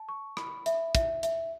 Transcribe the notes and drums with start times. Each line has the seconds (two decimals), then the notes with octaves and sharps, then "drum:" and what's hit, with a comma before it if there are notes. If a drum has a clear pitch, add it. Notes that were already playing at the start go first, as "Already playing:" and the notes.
Already playing: A5
0.09 C#6
0.37 B5, drum: rim click
0.66 E5, drum: hi-hat
0.95 E5, drum: kick, hi-hat
1.23 E5, drum: hi-hat